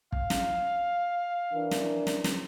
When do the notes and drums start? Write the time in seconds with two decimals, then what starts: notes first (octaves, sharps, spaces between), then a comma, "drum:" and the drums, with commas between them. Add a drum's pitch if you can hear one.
0.12 F5, drum: kick
0.30 drum: snare
1.53 E3 D4 A#4
1.71 drum: snare
2.07 drum: snare
2.24 drum: snare